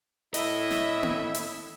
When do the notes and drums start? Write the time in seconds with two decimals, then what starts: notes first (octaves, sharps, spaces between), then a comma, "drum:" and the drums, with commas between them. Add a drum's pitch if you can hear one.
0.34 A2 E4 D#5 E5, drum: hi-hat
0.71 drum: snare
1.03 drum: tom A#3
1.34 drum: hi-hat